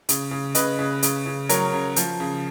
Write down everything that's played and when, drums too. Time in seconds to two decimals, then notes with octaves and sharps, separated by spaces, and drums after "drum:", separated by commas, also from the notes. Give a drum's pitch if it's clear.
0.09 C#3, drum: hi-hat
0.31 C#3
0.55 C#3 B4 D#5, drum: hi-hat
0.79 C#3
1.03 C#3, drum: hi-hat
1.26 C#3
1.49 F#3 A#4 C#5, drum: hi-hat
1.73 C#3
1.96 F3, drum: hi-hat
2.20 C#3